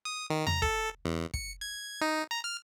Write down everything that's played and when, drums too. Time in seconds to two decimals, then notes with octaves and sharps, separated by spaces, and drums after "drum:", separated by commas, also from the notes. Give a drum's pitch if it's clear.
0.05 D#6
0.30 D#3
0.47 A#5, drum: tom E2
0.62 A4, drum: kick
1.05 E2
1.34 C#7, drum: kick
1.61 G#6
2.01 D#4
2.31 A#5
2.44 F6